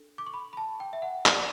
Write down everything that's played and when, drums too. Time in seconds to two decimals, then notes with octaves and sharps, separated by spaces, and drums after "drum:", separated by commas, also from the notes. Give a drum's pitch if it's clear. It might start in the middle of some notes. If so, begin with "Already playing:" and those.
Already playing: D4 A4
0.18 D6
0.26 C#6
0.34 B5
0.53 B5
0.57 A5
0.80 G5
0.93 E5
1.02 F#5
1.26 D5, drum: clap